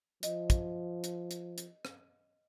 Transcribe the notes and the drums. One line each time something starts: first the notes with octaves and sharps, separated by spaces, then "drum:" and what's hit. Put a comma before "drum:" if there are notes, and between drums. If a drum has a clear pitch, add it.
F3 D#5, drum: hi-hat
drum: kick, hi-hat
drum: hi-hat
drum: hi-hat
drum: hi-hat
drum: rim click